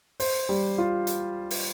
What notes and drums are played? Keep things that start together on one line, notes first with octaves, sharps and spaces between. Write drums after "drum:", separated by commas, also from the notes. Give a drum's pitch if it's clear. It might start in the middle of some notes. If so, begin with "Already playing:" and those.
C5, drum: open hi-hat
G3
F4
drum: hi-hat
drum: open hi-hat